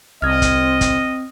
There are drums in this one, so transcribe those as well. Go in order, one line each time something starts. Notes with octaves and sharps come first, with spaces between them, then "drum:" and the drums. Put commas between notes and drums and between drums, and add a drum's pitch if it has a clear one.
C2 C4 D#5 F6 G#6
drum: kick, hi-hat
drum: kick, hi-hat